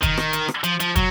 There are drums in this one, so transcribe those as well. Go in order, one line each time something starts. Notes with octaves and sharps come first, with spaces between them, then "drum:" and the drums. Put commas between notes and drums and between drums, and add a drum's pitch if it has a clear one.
D#3, drum: kick, hi-hat
drum: rim click
drum: hi-hat
drum: rim click
F3, drum: hi-hat
F3, drum: hi-hat
F#3, drum: kick, hi-hat